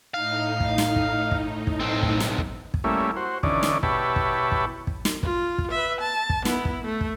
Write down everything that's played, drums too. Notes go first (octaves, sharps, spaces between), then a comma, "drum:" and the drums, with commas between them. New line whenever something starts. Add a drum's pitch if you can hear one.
A2 D#4 F5
drum: kick
drum: snare
drum: kick
drum: kick
drum: kick
B1 C4
drum: kick
drum: snare
drum: kick
drum: kick
G3 A3 A#3 C#4 E4
F#4 C5
D3 E3 C#4 D#4 D5, drum: kick
drum: snare
B2 E4 G4 C#5 A5 B5, drum: kick
drum: kick
drum: kick
drum: kick
drum: snare
F4, drum: kick
drum: kick
B4 E5
A5
drum: kick
B3 E4, drum: snare
drum: kick
A3
drum: kick